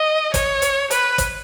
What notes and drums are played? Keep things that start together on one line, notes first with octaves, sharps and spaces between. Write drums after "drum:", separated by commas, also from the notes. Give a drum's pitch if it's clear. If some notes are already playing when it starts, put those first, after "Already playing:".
Already playing: D#5
C#5, drum: kick, hi-hat
drum: hi-hat
B4, drum: hi-hat
drum: kick, hi-hat